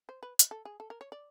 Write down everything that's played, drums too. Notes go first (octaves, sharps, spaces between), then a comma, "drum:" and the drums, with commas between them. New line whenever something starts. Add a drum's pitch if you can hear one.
C5
B4
drum: hi-hat
A4
G#4
A4
A#4
C#5
D5